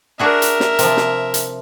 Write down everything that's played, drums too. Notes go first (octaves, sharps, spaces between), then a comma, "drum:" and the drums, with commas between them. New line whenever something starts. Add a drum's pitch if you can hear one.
D4 F#4 G#4 A#4 E5
drum: hi-hat
drum: snare
C3 F3, drum: hi-hat
drum: snare
drum: hi-hat